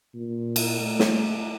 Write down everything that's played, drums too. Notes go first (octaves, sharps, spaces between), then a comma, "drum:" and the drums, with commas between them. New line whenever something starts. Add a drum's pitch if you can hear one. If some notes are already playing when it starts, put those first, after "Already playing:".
A#2
drum: cymbal
A3
drum: snare